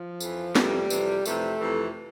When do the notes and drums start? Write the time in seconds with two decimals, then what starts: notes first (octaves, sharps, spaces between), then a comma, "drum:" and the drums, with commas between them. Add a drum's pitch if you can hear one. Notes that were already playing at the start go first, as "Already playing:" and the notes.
Already playing: F3
0.20 F2 E3, drum: tambourine
0.55 F2 C3 E3 G3, drum: snare
0.90 F2 C3 E3, drum: tambourine
1.25 F2 C3 E3 A3, drum: tambourine
1.61 F2 C3 E3